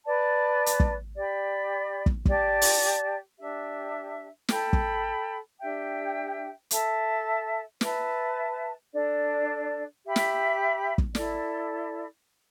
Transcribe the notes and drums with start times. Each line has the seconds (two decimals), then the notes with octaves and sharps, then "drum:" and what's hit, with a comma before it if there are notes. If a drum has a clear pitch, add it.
0.03 B4 D5 A5
0.66 drum: hi-hat
0.80 drum: kick
1.15 G4 D5 B5
2.06 drum: kick
2.25 G4 D5 A5, drum: kick
2.62 drum: open hi-hat
3.37 D4 G4 E5
4.49 A4 G5 B5, drum: snare
4.73 drum: kick
5.59 D4 G4 E5 G5
6.71 A4 E5 A5, drum: hi-hat
7.81 B4 E5 A5, drum: snare
8.93 D4 A4 D5
10.04 G4 E5 B5
10.16 drum: snare
10.98 drum: kick
11.15 E4 A4 D5, drum: snare